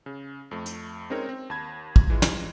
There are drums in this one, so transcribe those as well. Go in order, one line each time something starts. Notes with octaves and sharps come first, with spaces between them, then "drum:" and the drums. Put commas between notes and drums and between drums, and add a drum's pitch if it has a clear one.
C#3
F2 A3
drum: hi-hat
G#3 C4 C#4 D#4 A#4 C#5
C4
D#2 A5 B5 G#6
drum: kick
E3 G#3 F4
drum: snare